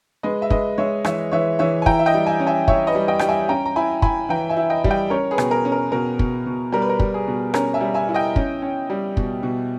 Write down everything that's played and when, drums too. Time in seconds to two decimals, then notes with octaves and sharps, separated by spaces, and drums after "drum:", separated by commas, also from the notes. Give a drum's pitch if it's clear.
0.23 G#3 B4 D#5
0.42 E5
0.50 G#3 B4 D#5, drum: kick
0.78 G#3 C#5 E5
1.04 E3 C#5 E5, drum: rim click
1.32 E3 C#5 E5
1.59 E3 C#5 E5
1.82 G#5
1.86 E4 G5 A#5, drum: kick
1.99 E5
2.06 D#5 G5
2.14 G3
2.26 E5 G#5
2.40 C#4
2.47 E5 G#5
2.68 E4 C#5 E5, drum: kick
2.87 B4 D#5
2.95 G3
3.08 D#5 G5
3.19 G3 G5, drum: rim click
3.29 E5 G#5
3.49 C#4 G5 A#5
3.65 A#5
3.76 E4 G#5 B5
4.02 E4 G#5 B5, drum: kick
4.29 E3 G5 A#5
4.49 E5 G#5
4.57 E4
4.70 D#5 G5
4.84 G3, drum: kick
4.90 D#5 G5
5.10 C#4 A#4 C#5
5.31 G#4 B4
5.38 B2, drum: rim click
5.51 A#4
5.65 C#4
5.72 A#4
5.92 B2 A#4
6.19 B2, drum: kick
6.46 B2
6.72 G3 A#4
6.82 B4
6.89 A#4
7.00 G3, drum: kick
7.14 G#4
7.28 B2
7.54 C#4 A#4, drum: rim click
7.74 E5 G#5
7.81 G3
7.94 E5 G#5
8.09 E4
8.14 D#5 G5
8.36 C#4, drum: kick
8.62 C#4
8.90 G3
9.17 B2, drum: kick
9.43 B2